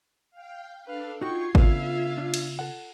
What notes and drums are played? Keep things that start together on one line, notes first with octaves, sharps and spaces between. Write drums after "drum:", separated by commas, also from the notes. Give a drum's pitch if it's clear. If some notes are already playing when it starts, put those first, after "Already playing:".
F5 G5
D4 A4 B4 F5
D#4 F4 F#4 G5 C#6 G#6 C7
C#3 B3 D4 A4 B4 E5 F5, drum: kick G#1
D4
drum: cymbal
A4 F#5